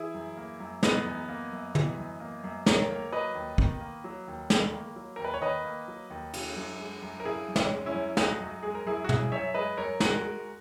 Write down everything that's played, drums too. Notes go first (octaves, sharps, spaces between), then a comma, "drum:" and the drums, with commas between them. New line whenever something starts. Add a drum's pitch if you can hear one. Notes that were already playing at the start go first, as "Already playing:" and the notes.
Already playing: E3 E4 G#4
F#2
A#3
F#2
E3 B3 D#4, drum: snare
F#2
A#3
F#2
E3, drum: tom
F#2
A#3
F#2
D#3 A#4 C#5, drum: snare
A#3
F#3 B4 D#5
D#2
D#3, drum: kick
A#3
F#3
D#2
D#3, drum: snare
A#3
F#3
D#2 A#4
B4
C#5
D#3 B4 D#5
A#3
F#3
D#2
C#3, drum: cymbal
F#2
G#3
F#2
A#4
C#3 E4 G#4
F#2
C#4, drum: snare
G#3
C#4 E4
F#2
C#3 D#4 F#4, drum: snare
F#2
G#3 G#4
A#4
F#2 E4 G#4
F#4
C#3 E4 G#4, drum: tom
F#2 C#5 E5
G#3 B4 D#5
F#2 A#4 C#5
G#3 F#4 A#4, drum: snare
G#3